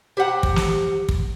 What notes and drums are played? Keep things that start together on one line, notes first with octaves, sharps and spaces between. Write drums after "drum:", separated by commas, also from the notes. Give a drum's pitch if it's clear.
G4 C5 F#5 A#5
drum: kick
drum: snare
drum: kick